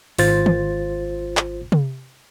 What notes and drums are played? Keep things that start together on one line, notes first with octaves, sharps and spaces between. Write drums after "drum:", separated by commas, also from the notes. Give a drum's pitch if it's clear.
G#1 F4 C5 A6, drum: open hi-hat
drum: tom
drum: clap
drum: tom C3